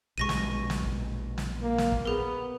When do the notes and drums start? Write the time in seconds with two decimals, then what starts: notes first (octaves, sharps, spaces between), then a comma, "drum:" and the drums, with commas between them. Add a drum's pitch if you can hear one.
0.18 A#1 B2 G#3 C#6 A#6 D#7
0.29 drum: snare
0.70 drum: snare
0.83 drum: kick
1.38 drum: snare
1.62 A#3
1.78 drum: snare
1.92 drum: kick
2.05 B3 G#4 A#4